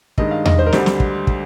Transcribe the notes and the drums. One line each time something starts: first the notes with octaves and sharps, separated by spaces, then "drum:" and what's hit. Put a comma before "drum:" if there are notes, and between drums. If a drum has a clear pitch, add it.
G2 D#3 G#3 D#5, drum: kick
F5
D#5, drum: tom E2
C5
A#4
D2 D3 G3 C5, drum: snare
drum: snare
drum: kick
drum: kick